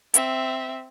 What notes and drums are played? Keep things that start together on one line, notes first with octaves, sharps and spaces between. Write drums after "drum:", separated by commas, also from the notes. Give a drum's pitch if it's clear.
C4 E5, drum: hi-hat